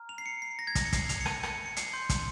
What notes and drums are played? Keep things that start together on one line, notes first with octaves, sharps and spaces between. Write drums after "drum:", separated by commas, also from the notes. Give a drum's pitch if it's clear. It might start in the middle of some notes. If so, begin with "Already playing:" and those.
Already playing: A#5 F6
F7
C7
C#7
C7
A#6
G#6
A#6, drum: kick, hi-hat
C#7
C7, drum: kick, hi-hat
F7, drum: hi-hat
C#7
D#7, drum: rim click
C#7, drum: rim click
C#7
C7, drum: hi-hat
C6 G6
drum: kick, hi-hat